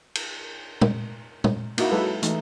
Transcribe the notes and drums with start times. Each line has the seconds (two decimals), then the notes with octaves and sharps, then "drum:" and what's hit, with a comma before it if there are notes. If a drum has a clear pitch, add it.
0.15 drum: cymbal
0.81 drum: tom
1.44 drum: tom
1.78 A#3 D#4 E4 F#4, drum: cymbal
1.91 F#3 G#3 E4 A4 B4
2.22 E3 A3 D#4, drum: hi-hat